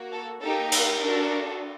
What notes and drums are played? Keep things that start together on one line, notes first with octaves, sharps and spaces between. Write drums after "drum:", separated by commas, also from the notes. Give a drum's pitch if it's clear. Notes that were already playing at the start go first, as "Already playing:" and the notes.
Already playing: A#3 F#4
A4
A#3 D#4 G4 A4
A#4, drum: cymbal
D4 F#4 A4 A#4